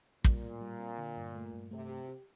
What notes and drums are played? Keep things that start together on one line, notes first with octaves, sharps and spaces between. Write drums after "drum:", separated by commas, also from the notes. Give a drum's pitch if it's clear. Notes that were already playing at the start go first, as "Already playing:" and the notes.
A#2 G3, drum: kick
A2
G3
C4
D3
G2
A3
G2
C3 A3
G4
G4